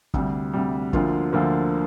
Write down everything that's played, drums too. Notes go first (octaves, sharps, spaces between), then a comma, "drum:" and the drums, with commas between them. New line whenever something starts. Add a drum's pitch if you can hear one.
D2 C3 G3, drum: kick
D2 C3 G3
D2 D3 F3 A#3 F4, drum: kick
D2 D3 F3 A#3 F4